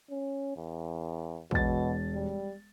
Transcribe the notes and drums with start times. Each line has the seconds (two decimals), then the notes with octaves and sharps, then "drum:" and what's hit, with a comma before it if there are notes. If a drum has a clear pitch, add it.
0.11 C#4
0.57 E2
1.51 E1 B2 A6, drum: kick
2.15 G3